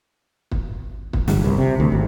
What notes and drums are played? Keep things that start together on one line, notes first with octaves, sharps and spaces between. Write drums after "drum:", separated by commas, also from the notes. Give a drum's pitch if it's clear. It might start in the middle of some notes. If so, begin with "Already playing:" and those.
drum: kick
drum: kick
G1, drum: snare
C2
C3
D2
G#1